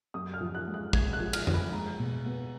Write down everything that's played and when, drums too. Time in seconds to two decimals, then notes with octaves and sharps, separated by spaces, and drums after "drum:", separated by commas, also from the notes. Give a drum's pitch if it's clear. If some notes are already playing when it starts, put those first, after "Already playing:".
0.14 F#2 D#6
0.34 F6
0.41 F3
0.55 F#6
0.67 G#3
0.74 F#6
0.93 G#3 G#6, drum: kick
1.13 F#6
1.20 F3
1.33 F6, drum: cymbal
1.47 F3, drum: tom F2
1.54 B5
1.73 G#3 A#5
1.99 B2
2.25 B3